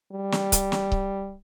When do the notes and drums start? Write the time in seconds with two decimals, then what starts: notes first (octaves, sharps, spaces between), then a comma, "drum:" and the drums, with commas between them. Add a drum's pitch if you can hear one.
0.12 G3
0.32 drum: snare
0.52 drum: kick C#1, hi-hat
0.72 drum: snare
0.92 drum: kick C#1